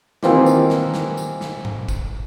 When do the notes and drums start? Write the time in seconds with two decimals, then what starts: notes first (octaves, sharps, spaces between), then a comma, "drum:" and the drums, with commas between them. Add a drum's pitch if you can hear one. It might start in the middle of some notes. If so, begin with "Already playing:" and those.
0.23 D#3 E3 A#3 C4 F4 G4, drum: snare
0.46 drum: tambourine
0.70 drum: snare
0.94 drum: snare
1.17 drum: tambourine
1.41 drum: snare
1.65 drum: tom A2
1.89 drum: kick, tambourine